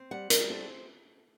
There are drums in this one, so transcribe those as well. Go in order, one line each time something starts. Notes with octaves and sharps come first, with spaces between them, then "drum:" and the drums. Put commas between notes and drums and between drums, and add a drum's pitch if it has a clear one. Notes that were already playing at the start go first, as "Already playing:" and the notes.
Already playing: C4
G3 F#5
G3 A#4, drum: hi-hat
C4 A4